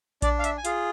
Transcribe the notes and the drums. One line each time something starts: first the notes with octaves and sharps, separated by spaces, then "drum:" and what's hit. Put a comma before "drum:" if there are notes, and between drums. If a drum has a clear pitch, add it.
D4 D5, drum: kick A#1, hi-hat
F5
E5, drum: hi-hat
G#5
F4 G#4 F5, drum: hi-hat